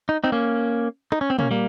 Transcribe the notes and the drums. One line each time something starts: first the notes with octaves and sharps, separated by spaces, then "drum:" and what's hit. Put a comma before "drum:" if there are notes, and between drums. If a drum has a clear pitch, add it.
D#4
C4 D#4
A#3 C#4
D#4, drum: rim click
C#4
C4
A#3 C#4, drum: tom
G3 A#3